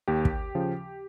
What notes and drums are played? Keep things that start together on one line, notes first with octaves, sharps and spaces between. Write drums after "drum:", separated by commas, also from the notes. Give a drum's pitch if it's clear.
D#2 G4
drum: kick
C#3 F3